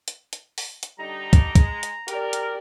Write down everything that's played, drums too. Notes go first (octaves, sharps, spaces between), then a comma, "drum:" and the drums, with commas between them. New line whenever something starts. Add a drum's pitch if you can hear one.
drum: hi-hat
drum: hi-hat
drum: open hi-hat
drum: hi-hat
D3 G3 D#4 A#5
drum: kick, hi-hat
G#3, drum: kick, hi-hat
drum: hi-hat
G4 A#4 D5, drum: hi-hat
drum: hi-hat